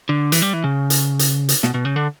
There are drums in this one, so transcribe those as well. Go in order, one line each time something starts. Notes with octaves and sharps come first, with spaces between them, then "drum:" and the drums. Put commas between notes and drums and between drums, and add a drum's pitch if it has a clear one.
D3
E3, drum: hi-hat
G3
E3
C#3
drum: hi-hat
drum: hi-hat
drum: hi-hat
B2, drum: snare
B2
C#3
D3